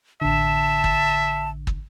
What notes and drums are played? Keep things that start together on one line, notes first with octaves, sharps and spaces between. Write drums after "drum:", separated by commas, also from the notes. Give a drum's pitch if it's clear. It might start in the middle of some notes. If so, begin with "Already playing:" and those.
A1 D3 E5 A5
drum: kick
drum: kick